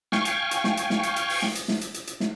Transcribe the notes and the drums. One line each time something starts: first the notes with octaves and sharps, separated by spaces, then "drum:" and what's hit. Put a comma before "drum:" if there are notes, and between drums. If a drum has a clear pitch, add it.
F5 G5 G#5 C#6, drum: snare
drum: hi-hat
drum: hi-hat
drum: snare
drum: hi-hat
drum: snare
drum: hi-hat
drum: hi-hat
drum: open hi-hat
drum: snare
drum: hi-hat
drum: snare
drum: hi-hat
drum: hi-hat
drum: hi-hat
drum: snare